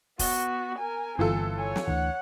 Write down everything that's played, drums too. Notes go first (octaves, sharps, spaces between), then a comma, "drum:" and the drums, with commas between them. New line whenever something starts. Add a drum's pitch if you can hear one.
B3 F#4, drum: kick, open hi-hat
A#4 G#5
G1 E3 C4 F4 A4
C#5 G#5
drum: snare
D2 D3 E3 F#5